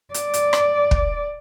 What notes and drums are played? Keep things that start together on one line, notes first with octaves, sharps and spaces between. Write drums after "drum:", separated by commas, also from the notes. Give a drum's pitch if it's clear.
D5, drum: hi-hat
drum: hi-hat
drum: rim click
drum: kick